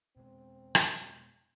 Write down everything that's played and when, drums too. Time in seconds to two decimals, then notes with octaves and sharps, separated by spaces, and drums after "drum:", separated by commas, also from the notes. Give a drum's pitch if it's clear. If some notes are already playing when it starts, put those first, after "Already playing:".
0.17 B2 G#3 C4
0.75 drum: rim click